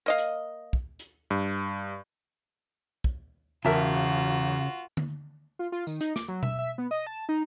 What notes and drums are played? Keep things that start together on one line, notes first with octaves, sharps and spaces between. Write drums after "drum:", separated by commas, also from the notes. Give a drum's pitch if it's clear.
A#3 D#5 F5
drum: hi-hat
drum: kick
drum: hi-hat
G2
drum: kick
E1 C#3 F4 F#4 A#4 E5 A5
drum: tom D3
F4
F4
D#3, drum: tambourine
D#4, drum: hi-hat
D6, drum: snare
F#3
E5, drum: tom B2
E5
B3
D#5
A5
D#4